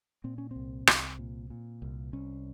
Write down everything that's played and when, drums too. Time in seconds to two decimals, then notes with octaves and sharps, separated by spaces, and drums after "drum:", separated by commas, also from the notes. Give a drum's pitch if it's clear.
0.24 A#2 C4
0.38 C#4
0.51 C2 C4
0.87 C2, drum: rim click
1.19 A#2
1.50 A#2
1.82 C2
2.13 C2 C#4